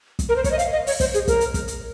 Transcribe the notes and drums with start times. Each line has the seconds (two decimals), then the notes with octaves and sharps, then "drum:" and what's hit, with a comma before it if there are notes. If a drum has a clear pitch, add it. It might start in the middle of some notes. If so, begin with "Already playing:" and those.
0.19 drum: kick, hi-hat
0.29 A#4
0.36 C5
0.44 C#5, drum: kick, hi-hat
0.51 D#5
0.59 F5, drum: hi-hat
0.73 D#5
0.87 C#5, drum: open hi-hat
1.00 C5, drum: kick, hi-hat
1.14 G#4, drum: hi-hat
1.28 A#4, drum: kick, hi-hat
1.41 drum: hi-hat
1.54 drum: kick, hi-hat
1.68 drum: hi-hat